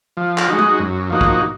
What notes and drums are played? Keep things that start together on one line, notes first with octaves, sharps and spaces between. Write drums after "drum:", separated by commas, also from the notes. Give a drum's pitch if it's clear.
F3
drum: clap
G#3 D#4 F#4
drum: tom G#3
F#2
F3 A#3 D#4 F#4
drum: kick